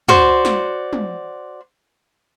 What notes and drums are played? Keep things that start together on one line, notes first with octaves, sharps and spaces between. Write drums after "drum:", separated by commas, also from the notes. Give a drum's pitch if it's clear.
F#4 C5 D5, drum: tom
drum: snare
drum: tom